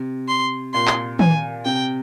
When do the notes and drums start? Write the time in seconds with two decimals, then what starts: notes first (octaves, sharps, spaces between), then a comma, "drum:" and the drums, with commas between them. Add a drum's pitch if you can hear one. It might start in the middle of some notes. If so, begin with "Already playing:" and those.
Already playing: C3
0.28 C6
0.73 A#2 C6
0.87 drum: clap
1.19 G#5, drum: tom D#3
1.65 C3 G5